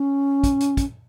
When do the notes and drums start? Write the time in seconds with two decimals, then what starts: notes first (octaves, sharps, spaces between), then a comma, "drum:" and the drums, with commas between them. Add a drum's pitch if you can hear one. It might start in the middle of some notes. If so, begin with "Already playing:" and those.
Already playing: C#4
0.44 drum: kick, hi-hat
0.60 drum: hi-hat
0.77 drum: kick, hi-hat